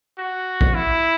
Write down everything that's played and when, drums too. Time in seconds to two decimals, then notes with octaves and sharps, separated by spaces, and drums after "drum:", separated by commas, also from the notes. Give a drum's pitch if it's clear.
0.18 F#4
0.61 drum: kick
0.75 E4